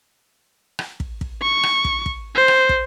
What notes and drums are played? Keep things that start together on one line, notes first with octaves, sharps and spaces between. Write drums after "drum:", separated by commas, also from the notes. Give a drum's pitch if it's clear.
drum: rim click
drum: kick
drum: kick
C#6
drum: rim click
drum: kick
drum: kick
C5
drum: rim click
drum: kick